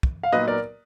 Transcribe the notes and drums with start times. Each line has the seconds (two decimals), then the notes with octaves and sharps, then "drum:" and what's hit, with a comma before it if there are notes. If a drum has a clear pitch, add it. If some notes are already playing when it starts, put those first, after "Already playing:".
0.03 drum: kick
0.23 F5
0.32 A#2 F#3 B3 D#4 B4 D#5
0.48 A#4 D5